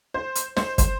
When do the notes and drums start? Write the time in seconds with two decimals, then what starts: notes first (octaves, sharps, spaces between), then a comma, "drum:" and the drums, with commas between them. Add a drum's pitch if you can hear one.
0.14 C5
0.35 drum: hi-hat
0.56 C5, drum: snare
0.78 C5, drum: kick, hi-hat